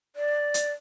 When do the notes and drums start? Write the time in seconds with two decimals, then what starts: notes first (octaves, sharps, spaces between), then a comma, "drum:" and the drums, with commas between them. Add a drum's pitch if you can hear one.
0.16 D5
0.54 drum: hi-hat